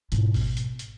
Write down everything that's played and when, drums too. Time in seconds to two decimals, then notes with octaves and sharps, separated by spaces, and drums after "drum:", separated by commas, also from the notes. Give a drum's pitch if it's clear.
0.12 G#2 B2, drum: hi-hat
0.34 drum: kick, open hi-hat
0.57 drum: hi-hat
0.79 drum: hi-hat